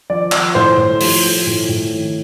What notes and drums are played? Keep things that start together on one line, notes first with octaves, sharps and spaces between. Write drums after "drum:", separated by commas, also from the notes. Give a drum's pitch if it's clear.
F3 D5
F3, drum: clap
A2 C5
A2
F3, drum: open hi-hat
F3
A2
A2
D#3